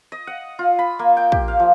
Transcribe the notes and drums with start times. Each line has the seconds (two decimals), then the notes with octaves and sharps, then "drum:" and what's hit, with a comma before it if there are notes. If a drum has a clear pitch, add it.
0.12 D#5
0.27 F#5
0.59 F4
0.79 B5
0.99 A#3
1.17 G5
1.32 G4, drum: kick
1.48 F5
1.60 F3